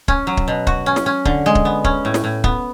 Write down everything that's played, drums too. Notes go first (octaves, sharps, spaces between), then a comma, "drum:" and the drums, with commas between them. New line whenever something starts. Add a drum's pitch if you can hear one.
C#4, drum: kick
F#3
drum: kick
B2
F#4, drum: kick
C#4
drum: snare
C#4
D3, drum: kick
G#3
drum: kick
B3
C#4, drum: kick
A2
drum: snare
A2
B3, drum: kick